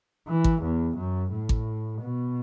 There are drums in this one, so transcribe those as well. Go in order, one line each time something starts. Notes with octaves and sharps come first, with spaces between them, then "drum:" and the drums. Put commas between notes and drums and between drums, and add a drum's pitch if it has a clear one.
E3
drum: kick G#1
E2
F#2
A2
drum: kick G#1
B2